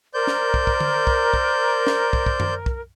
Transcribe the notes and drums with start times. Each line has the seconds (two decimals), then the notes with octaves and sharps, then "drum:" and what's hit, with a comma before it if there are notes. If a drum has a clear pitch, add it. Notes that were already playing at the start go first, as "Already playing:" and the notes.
0.14 A#4 C5 D5 G6
0.27 drum: snare
0.54 drum: kick
0.67 drum: kick
0.80 drum: tom D3
1.07 drum: kick
1.34 drum: kick
1.87 drum: snare
2.13 drum: kick
2.26 drum: kick
2.40 drum: tom F#2
2.66 drum: kick